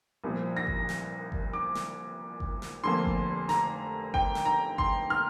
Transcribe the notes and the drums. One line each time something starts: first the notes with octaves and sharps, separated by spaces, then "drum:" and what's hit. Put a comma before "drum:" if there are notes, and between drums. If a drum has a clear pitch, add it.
C2 A#2 F3
A#6
drum: kick G1
drum: snare
drum: kick G1
D6
drum: snare
drum: kick G1
drum: snare
F1 F2 D3 A#3 C6
drum: kick G1
A#5, drum: snare
G5, drum: kick G1
drum: snare
A#5
C6, drum: kick G1
F6